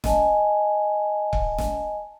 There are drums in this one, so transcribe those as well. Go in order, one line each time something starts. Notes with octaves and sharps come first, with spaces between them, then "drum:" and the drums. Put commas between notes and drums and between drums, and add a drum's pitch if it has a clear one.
D#5 G#5 A5, drum: snare
drum: kick C#1
drum: snare